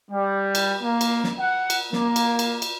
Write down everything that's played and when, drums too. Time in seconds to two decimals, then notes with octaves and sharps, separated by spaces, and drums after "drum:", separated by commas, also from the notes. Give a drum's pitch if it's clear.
0.11 G3
0.55 drum: cymbal
0.82 A#3
1.01 drum: cymbal
1.24 drum: snare
1.40 F#5
1.70 drum: cymbal
1.93 A#3, drum: snare
2.16 drum: cymbal
2.39 drum: cymbal
2.62 drum: cymbal